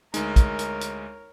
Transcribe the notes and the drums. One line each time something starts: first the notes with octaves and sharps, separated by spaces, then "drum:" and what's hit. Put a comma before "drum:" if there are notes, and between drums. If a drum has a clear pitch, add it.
D2 G#3 D#4 A#4 C#5, drum: hi-hat
drum: kick, hi-hat
drum: hi-hat
drum: hi-hat